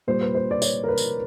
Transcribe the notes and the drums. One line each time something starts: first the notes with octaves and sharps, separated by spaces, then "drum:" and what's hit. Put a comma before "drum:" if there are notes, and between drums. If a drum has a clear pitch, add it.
A#2 G3 C5
B4
C5
D5
C#5, drum: tambourine
A#4
B4
drum: tambourine